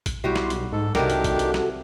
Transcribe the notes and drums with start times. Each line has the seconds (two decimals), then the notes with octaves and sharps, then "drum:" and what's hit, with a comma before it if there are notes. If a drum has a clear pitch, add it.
0.06 drum: kick, hi-hat
0.24 B1 G3 E4 F#4 G4 C6
0.36 drum: snare
0.50 drum: hi-hat
0.73 G#2 D#4 A4
0.95 C2 C3 D#3 D4 F#4 G4 A4 A#4, drum: snare
1.10 drum: hi-hat
1.24 drum: kick, hi-hat
1.39 drum: hi-hat
1.54 drum: snare